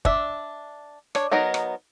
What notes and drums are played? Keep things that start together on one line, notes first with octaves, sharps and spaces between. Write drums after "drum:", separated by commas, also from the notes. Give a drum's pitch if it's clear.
D4 E5, drum: kick
D4 C#5, drum: rim click
F#3 B3 D#4 A#4 D#5
drum: rim click